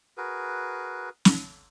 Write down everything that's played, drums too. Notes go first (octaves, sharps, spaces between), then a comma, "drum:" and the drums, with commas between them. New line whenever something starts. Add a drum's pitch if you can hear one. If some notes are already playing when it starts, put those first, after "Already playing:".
F#4 G#4 A#4 B4
drum: snare